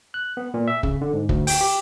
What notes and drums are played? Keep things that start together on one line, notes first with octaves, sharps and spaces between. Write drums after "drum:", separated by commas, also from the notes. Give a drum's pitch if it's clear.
F#6
B3
A#2
E5
C#3, drum: kick
D3
G#2
D2, drum: kick
G5, drum: open hi-hat
G4